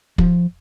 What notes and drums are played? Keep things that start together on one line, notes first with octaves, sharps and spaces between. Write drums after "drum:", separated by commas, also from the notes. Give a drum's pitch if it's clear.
F3, drum: kick